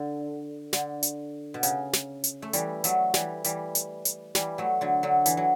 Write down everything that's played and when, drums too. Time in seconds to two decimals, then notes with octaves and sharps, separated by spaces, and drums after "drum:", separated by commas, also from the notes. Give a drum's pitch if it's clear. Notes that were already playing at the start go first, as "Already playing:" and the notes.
Already playing: D3
0.73 D3, drum: snare
1.03 drum: hi-hat
1.54 B2
1.63 C#3, drum: hi-hat
1.93 drum: snare
2.24 drum: hi-hat
2.42 A3
2.53 E3 G3, drum: hi-hat
2.84 F#3 A3, drum: hi-hat
3.14 E3 G3, drum: snare
3.44 E3 G3, drum: hi-hat
3.75 drum: hi-hat
4.05 drum: hi-hat
4.35 E3 G3, drum: snare
4.58 F#3 A3
4.81 D3 F#3
5.03 D3 F#3
5.26 E3, drum: hi-hat
5.37 F#3